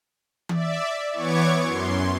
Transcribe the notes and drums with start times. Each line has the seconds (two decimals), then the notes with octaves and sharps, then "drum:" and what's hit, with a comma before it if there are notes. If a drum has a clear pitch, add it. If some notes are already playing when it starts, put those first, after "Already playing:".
0.49 D5 E5, drum: tom E3
1.13 E3 B3 C#5 C#6 D6 G#6
1.62 F#2 C6